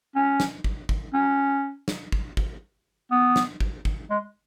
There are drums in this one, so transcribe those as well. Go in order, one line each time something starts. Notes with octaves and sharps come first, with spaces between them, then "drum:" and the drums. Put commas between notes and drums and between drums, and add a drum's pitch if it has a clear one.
C#4
drum: snare
drum: kick
drum: kick
C#4
drum: snare
drum: kick
drum: kick
B3
drum: snare
drum: kick
drum: kick
G#3